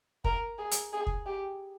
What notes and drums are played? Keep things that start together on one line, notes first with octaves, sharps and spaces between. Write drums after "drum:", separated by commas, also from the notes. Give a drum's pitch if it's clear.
A#4, drum: kick
G#4
drum: hi-hat
G#4
drum: kick
G4